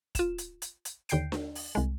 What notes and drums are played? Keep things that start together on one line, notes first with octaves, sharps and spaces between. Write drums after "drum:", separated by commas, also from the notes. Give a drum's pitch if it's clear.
F4 E7, drum: kick, hi-hat
drum: hi-hat
drum: hi-hat
drum: hi-hat
D#2 D3 G5 G6 C7 D7, drum: hi-hat
drum: snare D4
drum: open hi-hat
C2 G#3